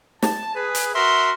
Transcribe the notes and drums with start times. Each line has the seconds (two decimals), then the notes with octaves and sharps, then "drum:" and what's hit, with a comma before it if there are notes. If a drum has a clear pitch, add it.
0.22 A5, drum: snare
0.55 G#4 B4
0.75 drum: hi-hat
0.94 F#4 A#4 E5 C6